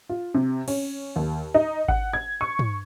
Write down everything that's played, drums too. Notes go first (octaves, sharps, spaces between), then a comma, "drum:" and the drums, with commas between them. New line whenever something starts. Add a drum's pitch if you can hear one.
F4
C3
C#4, drum: cymbal
D#2
D#4
F#5, drum: kick G#1
G#6
C#6
drum: tom